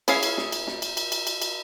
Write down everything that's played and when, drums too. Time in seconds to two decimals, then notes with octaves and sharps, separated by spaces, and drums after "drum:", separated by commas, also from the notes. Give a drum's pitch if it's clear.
0.08 C#4 E4 G#4 E5 F5, drum: cymbal
0.23 drum: cymbal
0.38 drum: snare
0.52 drum: cymbal
0.67 drum: snare
0.82 drum: cymbal
0.97 drum: cymbal
1.12 drum: cymbal
1.27 drum: cymbal
1.42 drum: cymbal